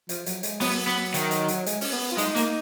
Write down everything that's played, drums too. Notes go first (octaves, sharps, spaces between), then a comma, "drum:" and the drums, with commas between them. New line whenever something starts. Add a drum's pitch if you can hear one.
F3, drum: hi-hat
F#3, drum: hi-hat
G#3, drum: hi-hat
F#3 B3, drum: open hi-hat
B3
D#3, drum: hi-hat
drum: hi-hat
drum: hi-hat
G#3, drum: hi-hat
C#4, drum: open hi-hat
B3
F4
G#3 D#4, drum: hi-hat
A#3, drum: hi-hat